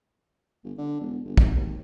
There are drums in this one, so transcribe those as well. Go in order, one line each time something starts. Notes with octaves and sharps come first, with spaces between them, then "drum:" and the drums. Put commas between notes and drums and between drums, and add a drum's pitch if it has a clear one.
G1
D3
E1
G1
G#1, drum: kick
D#2